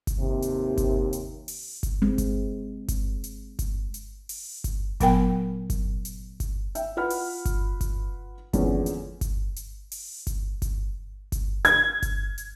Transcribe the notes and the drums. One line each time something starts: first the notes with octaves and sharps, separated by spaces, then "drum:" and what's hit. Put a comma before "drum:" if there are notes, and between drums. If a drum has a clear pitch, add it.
drum: kick G1, hi-hat
D#2 C3
drum: hi-hat
drum: kick G1, hi-hat
drum: hi-hat
drum: open hi-hat
drum: kick G1, hi-hat
G#3 C4
drum: kick G1, hi-hat
drum: kick G1, hi-hat
drum: hi-hat
drum: kick G1, hi-hat
drum: hi-hat
drum: open hi-hat
drum: kick G1, hi-hat
A#2 F#3 B3 A#4 G5 G#5, drum: kick G1, hi-hat
drum: kick G1, hi-hat
drum: hi-hat
drum: kick G1, hi-hat
E5 G5, drum: hi-hat
F4 B4 F#5 B5 F6
drum: open hi-hat
drum: kick G1, hi-hat
drum: kick G1, hi-hat
E2 A#2 D3 F3 G#3 C#4, drum: kick G1, hi-hat
drum: hi-hat
drum: kick G1, hi-hat
drum: hi-hat
drum: open hi-hat
drum: kick G1, hi-hat
drum: kick G1, hi-hat
drum: kick G1, hi-hat
G#6, drum: hi-hat
drum: kick G1, hi-hat
drum: hi-hat